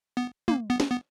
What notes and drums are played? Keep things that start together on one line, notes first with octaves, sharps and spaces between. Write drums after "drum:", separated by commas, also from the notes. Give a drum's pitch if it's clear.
B3
A#3, drum: tom
B3
drum: snare
B3